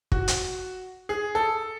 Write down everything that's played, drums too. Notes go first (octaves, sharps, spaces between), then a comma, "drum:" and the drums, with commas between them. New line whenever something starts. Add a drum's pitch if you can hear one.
F#4, drum: kick
drum: hi-hat
G#4
A4